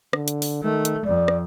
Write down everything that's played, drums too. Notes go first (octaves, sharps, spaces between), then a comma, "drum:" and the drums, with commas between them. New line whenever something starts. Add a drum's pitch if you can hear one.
D3, drum: rim click
drum: hi-hat
drum: open hi-hat
D#3 A3
drum: hi-hat
F2 D5
drum: rim click